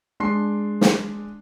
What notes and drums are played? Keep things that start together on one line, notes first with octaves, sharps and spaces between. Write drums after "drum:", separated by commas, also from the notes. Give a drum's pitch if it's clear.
G#3 D4 C6 C7
drum: snare